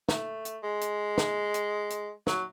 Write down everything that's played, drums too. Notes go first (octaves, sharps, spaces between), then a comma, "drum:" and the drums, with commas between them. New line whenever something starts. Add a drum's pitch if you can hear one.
A3, drum: snare
drum: hi-hat
G#3
drum: hi-hat
drum: snare
drum: hi-hat
drum: hi-hat
F#3, drum: snare